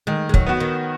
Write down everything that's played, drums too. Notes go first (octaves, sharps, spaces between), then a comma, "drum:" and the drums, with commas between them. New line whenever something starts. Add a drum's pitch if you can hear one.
D#3 G#3
G#3
F#3, drum: kick
B3 F#4
D#3